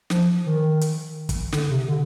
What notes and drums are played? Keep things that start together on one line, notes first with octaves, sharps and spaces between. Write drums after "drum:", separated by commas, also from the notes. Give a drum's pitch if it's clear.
F3, drum: snare
D#3
drum: hi-hat
drum: kick, hi-hat
D3, drum: snare
C3
D3